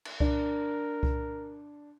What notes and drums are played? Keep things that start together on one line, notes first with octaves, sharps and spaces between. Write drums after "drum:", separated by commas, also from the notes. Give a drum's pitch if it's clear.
drum: cymbal
D4 A#4, drum: kick C2
drum: kick C2